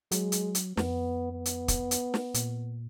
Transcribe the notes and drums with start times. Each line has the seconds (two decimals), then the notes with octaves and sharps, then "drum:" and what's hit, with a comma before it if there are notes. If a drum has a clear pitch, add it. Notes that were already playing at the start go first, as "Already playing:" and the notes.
0.11 F#3 G#3, drum: hi-hat
0.32 drum: hi-hat
0.55 drum: hi-hat
0.77 F2 B3, drum: snare
1.32 B3
1.45 drum: hi-hat
1.68 drum: kick, hi-hat
1.91 drum: hi-hat
2.14 drum: snare
2.34 A#2, drum: hi-hat